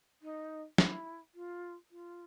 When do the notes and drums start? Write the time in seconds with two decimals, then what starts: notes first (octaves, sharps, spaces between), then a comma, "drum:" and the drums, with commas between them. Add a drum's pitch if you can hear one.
0.22 D#4
0.78 E4, drum: snare
1.35 F4
1.91 F4